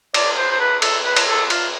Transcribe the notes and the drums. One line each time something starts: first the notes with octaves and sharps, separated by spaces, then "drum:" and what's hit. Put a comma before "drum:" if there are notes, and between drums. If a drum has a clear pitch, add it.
D5, drum: cymbal
C5
C5
B4
A4, drum: cymbal
B4
drum: cymbal
A4
F4, drum: cymbal